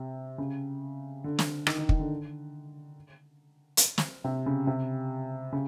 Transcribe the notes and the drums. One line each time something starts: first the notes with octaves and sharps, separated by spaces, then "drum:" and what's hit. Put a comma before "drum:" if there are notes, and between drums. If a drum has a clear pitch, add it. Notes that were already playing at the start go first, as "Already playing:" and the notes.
Already playing: C3
C#3
D3
drum: snare
D#3, drum: rim click
D#3
D#3, drum: kick
D3
drum: hi-hat
drum: snare
C3
C#3
C3
C#3